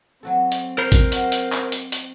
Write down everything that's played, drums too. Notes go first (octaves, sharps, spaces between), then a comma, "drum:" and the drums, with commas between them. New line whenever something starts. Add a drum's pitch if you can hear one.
F#3 C4 F#4 A4
drum: hi-hat
A#4 C5
drum: kick G#1, hi-hat
F#3, drum: hi-hat
drum: hi-hat
drum: clap
drum: hi-hat
drum: hi-hat